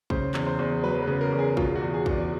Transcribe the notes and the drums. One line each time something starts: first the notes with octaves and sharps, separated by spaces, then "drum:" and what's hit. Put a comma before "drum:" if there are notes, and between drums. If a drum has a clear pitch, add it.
C#3 C5, drum: kick
E2, drum: clap
C5
E2
F#3 B4
B4
C#3
A#4
E2
G#4
B2 F4, drum: kick
F#4
E2
G#4
E2, drum: kick
D5